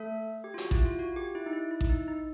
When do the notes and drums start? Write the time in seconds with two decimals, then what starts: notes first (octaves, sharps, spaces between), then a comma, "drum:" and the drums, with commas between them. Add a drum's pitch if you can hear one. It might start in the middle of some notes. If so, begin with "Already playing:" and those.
Already playing: A3 A4
0.44 G4
0.54 F4
0.58 F#4, drum: hi-hat
0.71 E4, drum: kick A1
0.85 F4
0.99 F#4
1.16 G4
1.35 E4
1.46 D#4
1.53 E4
1.71 E4
1.81 drum: kick A1
1.90 D#4
2.08 D#4